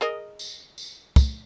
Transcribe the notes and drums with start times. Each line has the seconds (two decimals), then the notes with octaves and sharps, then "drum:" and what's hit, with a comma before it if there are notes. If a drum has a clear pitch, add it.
0.01 G#4 A#4 D#5
0.39 drum: tambourine
0.78 drum: tambourine
1.16 drum: kick, tambourine